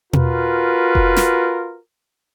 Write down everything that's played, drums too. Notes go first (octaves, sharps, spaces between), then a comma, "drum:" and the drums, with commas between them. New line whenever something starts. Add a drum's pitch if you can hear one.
F4 F#4 A#4 B4, drum: tom
drum: kick F1
drum: snare